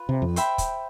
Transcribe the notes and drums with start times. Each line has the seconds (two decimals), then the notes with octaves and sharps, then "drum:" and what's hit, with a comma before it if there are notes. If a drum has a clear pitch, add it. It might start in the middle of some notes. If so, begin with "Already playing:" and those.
Already playing: F4 B4
0.09 C3
0.22 F2
0.36 C5 E5 G5 B5, drum: hi-hat
0.58 drum: kick, hi-hat